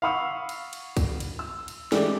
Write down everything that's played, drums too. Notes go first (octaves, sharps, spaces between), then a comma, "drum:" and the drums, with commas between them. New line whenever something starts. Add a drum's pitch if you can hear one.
F5 F#5 B5 C#6 D#6 E6
drum: cymbal
drum: cymbal
drum: kick, cymbal
drum: cymbal
E6
drum: cymbal
E3 G#3 A3 D4 G4, drum: snare